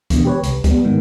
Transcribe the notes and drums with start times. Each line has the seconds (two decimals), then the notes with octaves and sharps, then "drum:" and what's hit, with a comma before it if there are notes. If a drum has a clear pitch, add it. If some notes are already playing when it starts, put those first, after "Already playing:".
0.10 E2 B2 D3, drum: kick, hi-hat
0.25 G4 B4 C#5
0.44 C2, drum: hi-hat
0.64 G3 B3, drum: kick, hi-hat
0.85 G#2 D#3